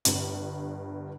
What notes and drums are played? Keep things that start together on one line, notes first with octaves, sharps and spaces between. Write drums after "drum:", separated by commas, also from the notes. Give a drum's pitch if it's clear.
G1 G2 F#7, drum: hi-hat